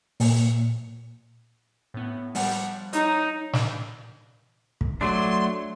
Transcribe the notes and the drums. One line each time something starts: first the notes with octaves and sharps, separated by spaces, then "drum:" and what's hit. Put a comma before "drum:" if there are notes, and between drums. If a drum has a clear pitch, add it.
A#2, drum: open hi-hat
A2 B3
F3 G3 F#5, drum: open hi-hat
D#4 C#5, drum: hi-hat
drum: snare
drum: kick
F#3 A3 D4 C6